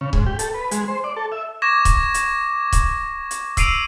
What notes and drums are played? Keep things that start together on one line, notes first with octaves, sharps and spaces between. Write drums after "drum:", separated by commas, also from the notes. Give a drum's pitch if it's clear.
C#3
G#2, drum: kick C#1
G4
A4, drum: hi-hat
B4
G#3, drum: hi-hat
C5
D5
A4
E5
C#6 D6 G#6 A#6 E7
drum: kick C#1, hi-hat
drum: hi-hat
drum: kick C#1, hi-hat
drum: hi-hat
E6 C7 D7 D#7 F7, drum: kick C#1, hi-hat